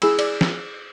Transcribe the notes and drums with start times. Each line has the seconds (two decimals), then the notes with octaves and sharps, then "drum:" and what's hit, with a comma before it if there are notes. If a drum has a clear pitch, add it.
0.02 E4 G#4 G#5 B5 E6, drum: cymbal
0.19 D5, drum: cymbal
0.41 drum: snare